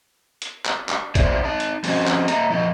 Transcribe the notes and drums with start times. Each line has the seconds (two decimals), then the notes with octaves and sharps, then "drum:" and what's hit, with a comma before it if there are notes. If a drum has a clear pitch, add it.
0.42 drum: hi-hat
0.65 drum: clap
0.89 drum: clap
1.15 D#4 E4 C5 D5 E5, drum: kick, hi-hat
1.44 D#4 A5
1.60 drum: hi-hat
1.84 F3 C4 C#4 F#4 C5 D#5, drum: open hi-hat
2.07 drum: clap
2.28 A#3 D#5 E5 A#5, drum: hi-hat
2.50 F2 F3 E4 D#5